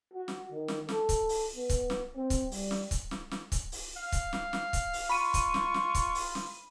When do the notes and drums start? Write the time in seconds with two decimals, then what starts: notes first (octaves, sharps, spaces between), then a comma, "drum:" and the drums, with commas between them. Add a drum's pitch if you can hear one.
0.13 F#4
0.28 drum: snare
0.51 D#3
0.68 drum: snare
0.89 A4, drum: snare
1.09 drum: kick C#1, hi-hat
1.29 drum: open hi-hat
1.55 B3
1.70 drum: kick C#1, hi-hat
1.90 drum: snare
2.15 C4
2.30 drum: kick C#1, hi-hat
2.52 G3, drum: open hi-hat
2.71 drum: snare
2.91 drum: kick C#1, hi-hat
3.11 drum: snare
3.31 drum: snare
3.52 drum: kick C#1, hi-hat
3.72 drum: open hi-hat
3.97 F5
4.12 drum: kick C#1, hi-hat
4.33 drum: snare
4.53 drum: snare
4.73 drum: kick C#1, hi-hat
4.93 drum: open hi-hat
5.10 F4 B5 C#6 D#7
5.34 drum: kick C#1, hi-hat
5.54 drum: snare
5.74 drum: snare
5.95 drum: kick C#1, hi-hat
6.15 drum: open hi-hat
6.35 drum: snare